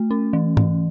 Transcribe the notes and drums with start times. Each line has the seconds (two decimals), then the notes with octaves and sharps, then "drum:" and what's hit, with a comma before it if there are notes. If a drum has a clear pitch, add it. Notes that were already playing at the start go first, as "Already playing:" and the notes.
Already playing: A3
0.11 C#4
0.33 E3
0.57 E3, drum: tom